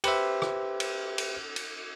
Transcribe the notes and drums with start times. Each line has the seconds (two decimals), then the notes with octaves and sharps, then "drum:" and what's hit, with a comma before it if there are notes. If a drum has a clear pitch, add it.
0.04 G4 B4 C5 E5, drum: cymbal
0.42 drum: rim click
0.80 drum: cymbal
1.18 drum: cymbal
1.56 drum: cymbal